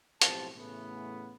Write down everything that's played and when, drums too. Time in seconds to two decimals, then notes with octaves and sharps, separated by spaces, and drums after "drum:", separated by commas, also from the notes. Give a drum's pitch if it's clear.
0.21 B1 A2 F3 C4 G4 A5, drum: hi-hat
0.56 A2 C#3 E3 A3 B3